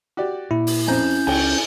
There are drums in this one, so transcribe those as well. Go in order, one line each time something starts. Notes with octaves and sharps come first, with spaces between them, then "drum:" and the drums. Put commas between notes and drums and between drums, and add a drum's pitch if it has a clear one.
F#4 G4 D5
A#2 E4
drum: open hi-hat
F2 C#4 C5 A#5 G6
C#2 G5 G#5, drum: cymbal